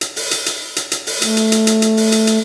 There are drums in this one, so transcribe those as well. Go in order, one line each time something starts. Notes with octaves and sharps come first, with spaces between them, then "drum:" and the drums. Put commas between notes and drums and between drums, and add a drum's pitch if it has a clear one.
drum: hi-hat
drum: open hi-hat
drum: hi-hat
drum: hi-hat
drum: hi-hat
drum: hi-hat
drum: open hi-hat
A3, drum: hi-hat
drum: hi-hat
drum: hi-hat
drum: hi-hat
drum: hi-hat
drum: open hi-hat
drum: hi-hat
drum: hi-hat